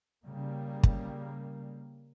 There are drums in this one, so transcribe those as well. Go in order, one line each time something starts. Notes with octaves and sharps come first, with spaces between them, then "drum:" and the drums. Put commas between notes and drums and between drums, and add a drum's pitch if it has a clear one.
C#3 G3 A#3
drum: kick